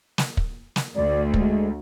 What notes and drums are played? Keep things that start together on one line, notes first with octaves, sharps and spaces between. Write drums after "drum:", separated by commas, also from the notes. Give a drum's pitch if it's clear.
drum: snare
drum: kick
drum: snare
D2 D5
G#3, drum: kick